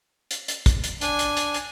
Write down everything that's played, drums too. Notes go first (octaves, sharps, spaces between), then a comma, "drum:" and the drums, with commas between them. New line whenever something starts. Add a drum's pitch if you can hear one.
drum: hi-hat
drum: hi-hat
drum: kick, hi-hat
drum: hi-hat
D4 G#5, drum: hi-hat
drum: hi-hat
drum: hi-hat
drum: hi-hat